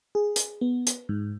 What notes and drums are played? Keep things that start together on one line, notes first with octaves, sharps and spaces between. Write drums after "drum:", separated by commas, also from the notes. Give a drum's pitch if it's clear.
G#4
drum: hi-hat
B3
drum: hi-hat
G#2